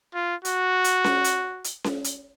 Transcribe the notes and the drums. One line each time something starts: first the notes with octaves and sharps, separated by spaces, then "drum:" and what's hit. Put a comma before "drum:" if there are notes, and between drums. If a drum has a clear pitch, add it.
F4
F#4, drum: hi-hat
drum: hi-hat
drum: snare C#4
drum: hi-hat
drum: hi-hat
drum: snare C#4
drum: hi-hat